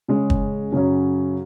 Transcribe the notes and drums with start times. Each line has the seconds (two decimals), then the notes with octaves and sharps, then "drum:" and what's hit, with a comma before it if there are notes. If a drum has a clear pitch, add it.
0.08 C#3 G#3 C#4 G#4
0.30 drum: kick
0.72 F#2 C#3 F#3 C#4